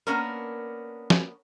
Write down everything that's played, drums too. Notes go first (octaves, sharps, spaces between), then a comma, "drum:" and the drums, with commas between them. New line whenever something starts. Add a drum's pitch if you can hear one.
A#3 B3 C#4 D4 A#4
drum: snare